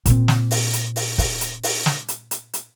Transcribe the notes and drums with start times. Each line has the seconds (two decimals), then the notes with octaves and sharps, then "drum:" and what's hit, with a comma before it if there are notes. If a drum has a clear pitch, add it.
0.06 A#2 C4, drum: kick, hi-hat
0.28 drum: snare
0.51 drum: open hi-hat
0.73 drum: hi-hat
0.96 drum: open hi-hat
1.18 drum: kick, open hi-hat
1.41 drum: hi-hat
1.63 drum: open hi-hat
1.86 drum: snare
2.08 drum: hi-hat
2.31 drum: hi-hat
2.54 drum: hi-hat